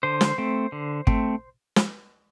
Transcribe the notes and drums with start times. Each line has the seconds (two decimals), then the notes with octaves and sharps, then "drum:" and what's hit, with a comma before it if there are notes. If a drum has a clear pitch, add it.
0.03 D3 C5
0.21 drum: snare
0.38 A3 C4
0.72 D3
1.07 A3 C4, drum: kick
1.76 drum: snare